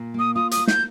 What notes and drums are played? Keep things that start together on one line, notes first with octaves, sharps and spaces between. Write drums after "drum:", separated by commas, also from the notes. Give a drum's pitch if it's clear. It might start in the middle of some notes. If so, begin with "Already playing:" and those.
Already playing: A#2
A#3 D#6
F4 D#6
D#6, drum: hi-hat
A#3
G6, drum: snare